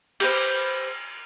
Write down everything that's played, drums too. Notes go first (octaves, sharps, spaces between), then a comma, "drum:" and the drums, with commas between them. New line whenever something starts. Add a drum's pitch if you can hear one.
G4 B4 C5, drum: cymbal